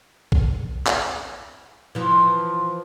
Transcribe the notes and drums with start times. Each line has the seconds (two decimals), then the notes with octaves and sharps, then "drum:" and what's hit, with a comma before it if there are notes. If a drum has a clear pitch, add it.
0.32 drum: kick
0.86 drum: clap
1.95 E3 F3